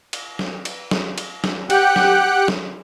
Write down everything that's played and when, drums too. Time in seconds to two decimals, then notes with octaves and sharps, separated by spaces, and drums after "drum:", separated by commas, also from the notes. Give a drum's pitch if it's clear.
0.13 drum: cymbal
0.39 drum: snare
0.65 drum: cymbal
0.91 drum: snare
1.18 drum: cymbal
1.44 drum: snare
1.70 G4 F#5 G5 F#6, drum: cymbal
1.96 drum: snare
2.48 drum: snare